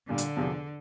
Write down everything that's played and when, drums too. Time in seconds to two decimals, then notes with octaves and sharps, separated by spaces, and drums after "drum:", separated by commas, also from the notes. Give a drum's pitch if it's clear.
0.08 A#2 D3 G3 D4
0.18 drum: hi-hat
0.37 E2 C3 F3